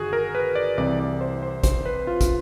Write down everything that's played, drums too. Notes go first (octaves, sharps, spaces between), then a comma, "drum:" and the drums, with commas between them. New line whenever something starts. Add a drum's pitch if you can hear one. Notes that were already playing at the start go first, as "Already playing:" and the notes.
Already playing: G1 D#3 F#4 G#4
A#4
B4
D5
C2 C3 E3 D5
D5
C5
C5
C5, drum: kick, hi-hat
B4
F4
F4, drum: kick, hi-hat